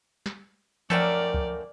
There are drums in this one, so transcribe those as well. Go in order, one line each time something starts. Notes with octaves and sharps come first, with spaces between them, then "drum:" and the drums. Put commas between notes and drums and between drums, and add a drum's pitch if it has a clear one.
drum: snare
F#2 F3 A3 A#3 A4 A#4 D5 G5
drum: kick C#2